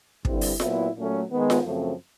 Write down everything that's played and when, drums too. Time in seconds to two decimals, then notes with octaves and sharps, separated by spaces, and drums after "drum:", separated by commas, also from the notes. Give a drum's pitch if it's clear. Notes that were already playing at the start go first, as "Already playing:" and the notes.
0.25 G2 D3 G3 C4 E4, drum: kick
0.41 drum: open hi-hat
0.60 A#2 F#3 B3 E4, drum: snare F4
0.95 A#2 F#3 A3 C#4
1.30 D#3 G#3 B3
1.50 drum: snare F4
1.65 F#2 C#3 F3 A3 C4